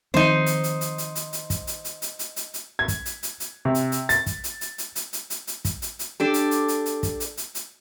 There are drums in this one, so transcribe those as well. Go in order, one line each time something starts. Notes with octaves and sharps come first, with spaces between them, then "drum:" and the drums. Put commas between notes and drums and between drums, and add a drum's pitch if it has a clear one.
D#3 F3 C4 D#4 C5
drum: hi-hat
drum: hi-hat
drum: hi-hat
drum: hi-hat
drum: hi-hat
drum: hi-hat
drum: kick, hi-hat
drum: hi-hat
drum: hi-hat
drum: hi-hat
drum: hi-hat
drum: hi-hat
drum: hi-hat
G#6
drum: kick, hi-hat
drum: hi-hat
drum: hi-hat
drum: hi-hat
C3
drum: hi-hat
drum: hi-hat
A6, drum: hi-hat
drum: kick, hi-hat
drum: hi-hat
drum: hi-hat
drum: hi-hat
drum: hi-hat
drum: hi-hat
drum: hi-hat
drum: hi-hat
drum: kick, hi-hat
drum: hi-hat
drum: hi-hat
D4 G4 A4
drum: hi-hat
drum: hi-hat
drum: hi-hat
drum: hi-hat
drum: kick, hi-hat
drum: hi-hat
drum: hi-hat
drum: hi-hat